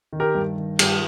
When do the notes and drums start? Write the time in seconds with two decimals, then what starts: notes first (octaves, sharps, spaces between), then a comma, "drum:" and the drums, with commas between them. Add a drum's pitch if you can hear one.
0.13 D#3
0.20 G4 A#4
0.35 G2
0.58 D#3
0.79 G2 G4, drum: cymbal